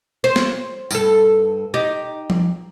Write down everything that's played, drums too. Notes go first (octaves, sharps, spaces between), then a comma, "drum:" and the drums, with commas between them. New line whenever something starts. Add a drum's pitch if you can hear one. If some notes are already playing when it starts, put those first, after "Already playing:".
C5
drum: snare
G2 A4, drum: tambourine
D#4 G4
drum: tom F3